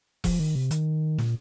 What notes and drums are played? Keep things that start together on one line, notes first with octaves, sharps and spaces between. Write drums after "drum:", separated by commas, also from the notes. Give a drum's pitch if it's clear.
F3, drum: kick E1, open hi-hat
D#3
C3
D#3, drum: hi-hat
A#2, drum: snare